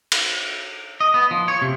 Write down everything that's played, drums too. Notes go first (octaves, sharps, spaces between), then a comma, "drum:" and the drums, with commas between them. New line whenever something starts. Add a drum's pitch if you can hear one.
drum: cymbal
D#5
B3
F3
C#5
C3